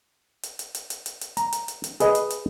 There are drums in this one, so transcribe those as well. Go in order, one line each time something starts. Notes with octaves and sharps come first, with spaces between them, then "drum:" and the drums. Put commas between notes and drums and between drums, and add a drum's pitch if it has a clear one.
drum: hi-hat
drum: hi-hat
drum: hi-hat
drum: hi-hat
drum: hi-hat
drum: hi-hat
A#5, drum: hi-hat
drum: hi-hat
drum: hi-hat
drum: hi-hat
G#4 B4 D#5, drum: hi-hat
drum: hi-hat
drum: hi-hat